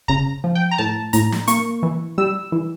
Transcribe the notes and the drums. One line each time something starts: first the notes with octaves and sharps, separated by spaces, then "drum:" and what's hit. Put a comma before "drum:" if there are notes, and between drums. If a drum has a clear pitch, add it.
C#3 A#5, drum: kick
F3
G5
A#5
A2 A5
A2 A#5, drum: hi-hat
drum: snare
A#3 C#6, drum: hi-hat
E3
G3 E6
E3